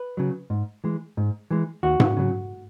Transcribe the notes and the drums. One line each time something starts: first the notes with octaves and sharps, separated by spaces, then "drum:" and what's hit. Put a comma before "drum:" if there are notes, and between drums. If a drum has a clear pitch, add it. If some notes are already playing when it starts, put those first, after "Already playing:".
Already playing: B4
C#3 F#3
G#2
E3 G#3
G#2
E3 G#3
D#2 F#4
drum: tom G#2
C#3 F#3